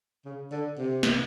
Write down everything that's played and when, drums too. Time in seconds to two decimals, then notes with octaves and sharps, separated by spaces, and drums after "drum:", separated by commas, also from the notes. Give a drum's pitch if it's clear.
0.25 C#3
0.51 D3
0.78 C3
1.03 drum: snare